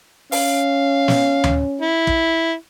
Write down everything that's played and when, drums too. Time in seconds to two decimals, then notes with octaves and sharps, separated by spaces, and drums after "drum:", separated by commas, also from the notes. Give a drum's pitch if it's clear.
0.32 C#4 F5, drum: open hi-hat
1.08 drum: snare
1.44 drum: tom D2
1.81 E4
2.07 drum: kick